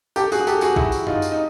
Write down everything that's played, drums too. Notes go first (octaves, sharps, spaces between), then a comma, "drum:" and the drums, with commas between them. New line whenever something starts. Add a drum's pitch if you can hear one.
G4 A4, drum: tambourine
F#4 G#4, drum: tambourine
G4 A4, drum: tambourine
F#4 G#4, drum: tambourine
E4 F#4, drum: kick A#1
drum: tambourine
D#4 F4, drum: tom F#2
drum: tambourine
D#4